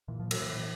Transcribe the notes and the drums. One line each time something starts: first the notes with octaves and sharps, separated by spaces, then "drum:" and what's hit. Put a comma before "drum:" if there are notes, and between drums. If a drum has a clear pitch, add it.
A#2 E3
A#2 F3
F#3, drum: cymbal
A#2 E3
A#2